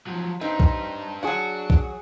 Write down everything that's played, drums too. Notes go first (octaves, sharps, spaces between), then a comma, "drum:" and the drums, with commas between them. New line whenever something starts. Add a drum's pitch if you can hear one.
F3 F#3
C4 D4 D#4 B4
drum: kick
F#3 D4 F#4 G#4 F#5
drum: kick